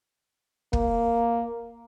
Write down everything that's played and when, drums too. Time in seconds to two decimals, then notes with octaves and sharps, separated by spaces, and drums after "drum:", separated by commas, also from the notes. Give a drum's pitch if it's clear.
0.73 A#3, drum: kick